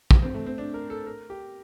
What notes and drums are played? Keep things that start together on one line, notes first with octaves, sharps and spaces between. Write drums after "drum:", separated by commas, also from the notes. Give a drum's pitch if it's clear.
drum: kick
C4
A3
C4
D4
A#4
A4
A#4
G4